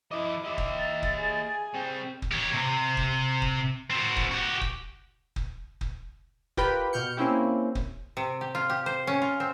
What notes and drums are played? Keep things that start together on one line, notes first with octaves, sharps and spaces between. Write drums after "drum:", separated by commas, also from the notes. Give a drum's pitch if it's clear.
F3 E4 D#5 D6
G4 D#5 E5
drum: kick
A6
drum: kick
G#4
G3 C4 G5
drum: kick
G4 C#5
C3
drum: kick
drum: kick
C4 F#4
drum: kick
F#4 G4
drum: kick
drum: kick
drum: kick
F4 G4 A#4 B4 G5 B5, drum: kick
B2 F6 G6 C#7
A#3 C4 C#4 E4 G4
drum: kick
C3
G4
F4
G4
C5
C#4
F4
C4